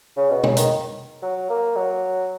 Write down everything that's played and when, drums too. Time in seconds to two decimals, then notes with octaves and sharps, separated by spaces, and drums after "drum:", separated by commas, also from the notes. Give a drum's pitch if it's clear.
0.17 C#3
0.30 B2
0.43 C#3, drum: tom B2
0.57 D#3, drum: hi-hat
1.22 F#3
1.49 A#3
1.76 F#3